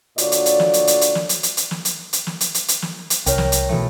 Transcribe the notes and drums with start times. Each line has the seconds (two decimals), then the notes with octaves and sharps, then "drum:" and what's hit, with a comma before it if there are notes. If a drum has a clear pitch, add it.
0.18 A#2 D3 F#4 C#5 D5, drum: hi-hat
0.32 drum: hi-hat
0.46 drum: hi-hat
0.60 drum: snare
0.73 drum: hi-hat
0.87 drum: hi-hat
1.01 drum: hi-hat
1.15 drum: snare
1.29 drum: hi-hat
1.43 drum: hi-hat
1.57 drum: hi-hat
1.71 drum: snare
1.85 drum: hi-hat
2.13 drum: hi-hat
2.27 drum: snare
2.41 drum: hi-hat
2.54 drum: hi-hat
2.68 drum: hi-hat
2.82 drum: snare
3.10 drum: hi-hat
3.26 C2 A#4 C#5 G5, drum: hi-hat
3.38 drum: snare
3.52 drum: hi-hat
3.69 B2 E3 A3